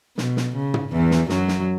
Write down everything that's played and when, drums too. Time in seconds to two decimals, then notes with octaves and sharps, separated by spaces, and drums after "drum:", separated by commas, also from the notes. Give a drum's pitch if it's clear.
0.18 B2, drum: snare
0.37 drum: snare
0.55 C#3
0.74 drum: tom
0.92 E2 E3
1.11 drum: snare
1.29 F#2 F#3, drum: snare
1.48 drum: snare